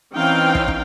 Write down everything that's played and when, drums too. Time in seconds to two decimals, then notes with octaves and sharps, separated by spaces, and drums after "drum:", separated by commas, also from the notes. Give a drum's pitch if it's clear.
0.15 E3 C4 C#4 D#4 F5 G5
0.55 drum: kick
0.68 drum: kick